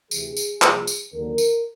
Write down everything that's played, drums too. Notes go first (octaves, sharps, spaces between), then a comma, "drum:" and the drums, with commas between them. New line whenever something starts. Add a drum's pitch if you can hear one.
D2 C3 E3 G#4, drum: tambourine
drum: tambourine
C2 A#2 F3, drum: clap
drum: tambourine
D#2 D3 F#3 A#4
drum: tambourine